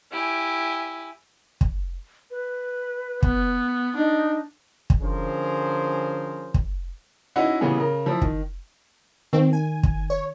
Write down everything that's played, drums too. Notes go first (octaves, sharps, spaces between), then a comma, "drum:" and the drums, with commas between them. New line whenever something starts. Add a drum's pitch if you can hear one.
E4 G4 G#5
drum: kick
B4
B3, drum: kick
D4 D#4
drum: kick
D3 F3 C#4 G#4 A#4 C5
drum: kick
C#4 D#4 E4 F#4 D#5 F#5
A#2 C#3 E3 G3 B3 G#4
C#3 A#4
F3 E4
D#3, drum: kick
D#3 C4
G#5
drum: kick
C#5